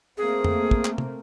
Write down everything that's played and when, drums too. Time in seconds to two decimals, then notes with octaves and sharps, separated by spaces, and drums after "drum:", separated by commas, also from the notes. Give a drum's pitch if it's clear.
0.18 A3 A#3 C4 G#4
0.44 drum: tom F2
0.71 drum: kick
0.85 drum: clap
0.98 drum: tom